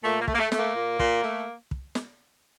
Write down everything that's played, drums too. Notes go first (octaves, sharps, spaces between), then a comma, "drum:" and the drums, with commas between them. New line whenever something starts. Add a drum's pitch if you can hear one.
A#2 A3
A#3
A3, drum: kick
A#3
A3
A3, drum: snare
A#3
A#2
A#2, drum: kick
A3
drum: kick
drum: snare